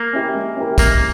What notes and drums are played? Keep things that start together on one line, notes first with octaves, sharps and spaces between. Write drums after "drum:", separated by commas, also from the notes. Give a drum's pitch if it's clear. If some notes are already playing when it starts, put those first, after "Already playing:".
Already playing: A#3
C#4 E4 G4 A#4
G#3
C#4 E4 G4 A#4
G#3 A#3, drum: kick, tambourine